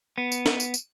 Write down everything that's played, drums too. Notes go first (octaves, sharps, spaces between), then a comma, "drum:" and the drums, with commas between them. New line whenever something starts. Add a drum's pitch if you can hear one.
B3
drum: tambourine
drum: snare
drum: tambourine
drum: tambourine